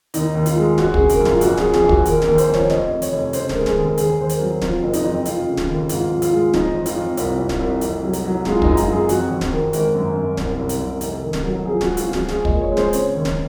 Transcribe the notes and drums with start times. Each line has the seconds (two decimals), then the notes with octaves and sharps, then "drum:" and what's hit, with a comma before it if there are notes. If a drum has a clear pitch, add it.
0.14 D#2 D#4, drum: hi-hat
0.35 D#2
0.46 F4, drum: hi-hat
0.56 G#3
0.78 G#1 F#4, drum: snare
0.94 G#4, drum: kick
0.99 C#3
1.09 A#4, drum: hi-hat
1.20 F#2
1.25 F4, drum: snare
1.41 A#1 F#4, drum: hi-hat
1.57 F3 G#4, drum: snare
1.74 G#4, drum: snare
1.84 A#1
1.89 F#4, drum: kick
2.05 D#2 A#4, drum: hi-hat
2.22 A#4, drum: snare
2.27 D#2
2.38 C5, drum: hi-hat
2.48 F3
2.54 C#5, drum: snare
2.70 F1 D#5, drum: snare
2.91 F1
3.02 C#5, drum: hi-hat
3.12 F1
3.33 C#3 C5, drum: hi-hat
3.49 A#4, drum: snare
3.55 G#3
3.66 G#4, drum: snare
3.76 D#2
3.89 A#4
3.98 D#2 G#4, drum: hi-hat
4.19 D#2 C5
4.29 A#4, drum: hi-hat
4.40 F#3
4.62 F2 F4, drum: snare
4.83 F#1
4.93 D#4, drum: hi-hat
5.04 F2
5.25 F1 F4, drum: hi-hat
5.47 C#3
5.57 drum: snare
5.69 D#2
5.89 G#2 F4, drum: hi-hat
6.11 F3
6.22 F4, drum: hi-hat
6.32 G#3
6.54 F3 D#4, drum: snare
6.75 F2
6.86 F4, drum: hi-hat
6.96 F2
7.17 C2, drum: hi-hat
7.39 C2
7.49 drum: snare
7.60 C2
7.81 F1, drum: hi-hat
8.03 F#3
8.13 drum: hi-hat
8.24 F#3
8.45 G#3 F4, drum: snare
8.62 F#2 D#4, drum: kick
8.77 F4, drum: hi-hat
8.88 F#2 G#4
9.09 F2 F#4, drum: hi-hat
9.31 F2
9.41 drum: snare
9.52 D#3
9.73 G#1 A#4, drum: hi-hat
9.94 F#2
10.16 F#2
10.37 C2, drum: snare
10.59 C2
10.69 drum: hi-hat
10.80 C2
11.01 F1, drum: hi-hat
11.23 D#3
11.33 drum: snare
11.44 F#3
11.65 F3 G#4
11.81 F#4, drum: snare
11.86 G#3
11.97 F4, drum: hi-hat
12.08 F3
12.13 F#4, drum: snare
12.29 G#3 G#4, drum: snare
12.45 D#5, drum: kick
12.51 A#2
12.61 C#5
12.72 G#3
12.77 C5, drum: snare
12.93 C#3 C#5, drum: hi-hat
13.14 D#2
13.25 drum: snare